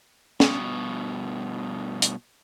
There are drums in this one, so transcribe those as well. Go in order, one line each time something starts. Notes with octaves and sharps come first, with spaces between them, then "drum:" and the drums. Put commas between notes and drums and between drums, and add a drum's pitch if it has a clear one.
G2 B2, drum: snare
drum: hi-hat